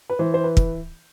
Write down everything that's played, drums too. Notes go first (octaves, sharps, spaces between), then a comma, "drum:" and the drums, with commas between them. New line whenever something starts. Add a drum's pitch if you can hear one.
B4
E3 C5
C5
B4
drum: kick